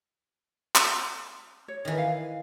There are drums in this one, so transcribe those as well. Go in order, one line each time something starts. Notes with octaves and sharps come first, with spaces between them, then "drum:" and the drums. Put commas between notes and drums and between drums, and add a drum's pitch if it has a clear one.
drum: clap
C#5
D#3 E3
E4 F5 G#5